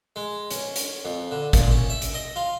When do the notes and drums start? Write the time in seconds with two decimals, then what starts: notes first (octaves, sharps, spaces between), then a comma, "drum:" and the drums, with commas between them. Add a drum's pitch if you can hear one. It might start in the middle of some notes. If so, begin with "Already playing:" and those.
0.16 G#3
0.50 C#4, drum: hi-hat
0.76 drum: hi-hat
1.05 F2
1.31 D3
1.53 A#2, drum: kick G#1, hi-hat
1.71 C#4
1.90 E5
2.02 drum: hi-hat
2.14 D#5
2.36 F4